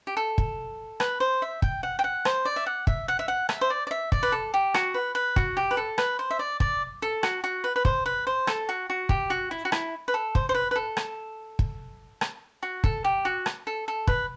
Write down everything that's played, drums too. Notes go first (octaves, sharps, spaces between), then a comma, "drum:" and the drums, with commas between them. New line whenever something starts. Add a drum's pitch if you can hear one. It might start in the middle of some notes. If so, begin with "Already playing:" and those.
G4
A4
drum: kick
B4, drum: rim click
C5
E5
G5, drum: kick
F#5
G5
F#5
C5, drum: rim click
D5
E5
F#5
E5, drum: kick
F#5
E5
F#5
E5, drum: rim click
C5
D5
D5
E5
D5, drum: kick
B4
A4
G4
F#4, drum: rim click
B4
B4
F#4, drum: kick
G4
B4
A4
B4, drum: rim click
C5
E5
D5
D5, drum: kick
A4
F#4, drum: rim click
F#4
B4
B4
C5, drum: kick
B4
C5
A4, drum: rim click
F#4
F#4
G4, drum: kick
F#4
E4
F#4
E4, drum: rim click
B4
A4
C5, drum: kick
C5
B4
B4
A4
drum: rim click
drum: kick
drum: rim click
F#4
A4, drum: kick
G4
F#4
drum: rim click
A4
A4
B4, drum: kick